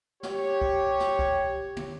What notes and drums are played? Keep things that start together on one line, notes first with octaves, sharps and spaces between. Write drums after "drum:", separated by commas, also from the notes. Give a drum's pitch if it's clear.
G4 C#5, drum: snare
drum: kick
drum: snare
drum: kick
drum: tom